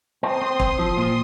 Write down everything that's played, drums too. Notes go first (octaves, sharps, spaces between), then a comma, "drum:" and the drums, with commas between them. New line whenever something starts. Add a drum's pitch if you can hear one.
C4 C6 D#6
C4
C4, drum: kick
F3
A#2